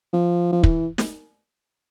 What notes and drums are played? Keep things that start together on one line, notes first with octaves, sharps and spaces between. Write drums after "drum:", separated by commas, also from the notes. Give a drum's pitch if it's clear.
F3
F3
E3, drum: kick
drum: snare